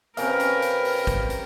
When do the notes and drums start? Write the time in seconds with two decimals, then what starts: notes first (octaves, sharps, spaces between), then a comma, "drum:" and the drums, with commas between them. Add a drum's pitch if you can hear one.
0.17 C3 C#4 A#4 B4 F5, drum: hi-hat
0.40 drum: hi-hat
0.62 drum: hi-hat
0.85 drum: open hi-hat
1.07 drum: kick A1, hi-hat
1.30 drum: hi-hat